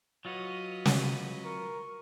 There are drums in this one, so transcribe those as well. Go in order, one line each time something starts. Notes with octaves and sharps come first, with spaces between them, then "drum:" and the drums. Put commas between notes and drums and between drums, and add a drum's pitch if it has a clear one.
F#3 F4 F#4 B4 C#5 D#5
drum: snare
A#4 C#6